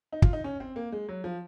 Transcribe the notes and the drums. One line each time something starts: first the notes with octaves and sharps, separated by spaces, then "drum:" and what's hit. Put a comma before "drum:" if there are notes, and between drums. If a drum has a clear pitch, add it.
D#4
F4, drum: kick
D#4
C#4
C4
A#3
G#3
F#3
F3